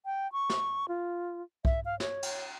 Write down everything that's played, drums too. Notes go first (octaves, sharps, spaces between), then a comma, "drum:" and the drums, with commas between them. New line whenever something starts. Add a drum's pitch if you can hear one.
G5
C#6
drum: snare
F4
E5, drum: kick B1
F5
C#5, drum: snare
drum: cymbal